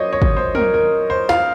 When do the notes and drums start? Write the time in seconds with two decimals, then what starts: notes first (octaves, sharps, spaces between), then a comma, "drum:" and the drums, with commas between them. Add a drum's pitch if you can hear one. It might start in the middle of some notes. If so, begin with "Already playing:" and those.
Already playing: F#3 A#3 C5 C#5 D#5
0.13 C#5
0.22 drum: kick
0.37 C5
0.55 A#4, drum: tom
0.74 A#4
1.10 C5
1.29 F5, drum: snare